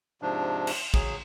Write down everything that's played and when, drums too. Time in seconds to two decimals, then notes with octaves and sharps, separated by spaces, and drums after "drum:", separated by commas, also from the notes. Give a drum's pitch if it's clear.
0.22 G#2 C3 F3 D4
0.67 drum: cymbal
0.94 F#3 G#4, drum: kick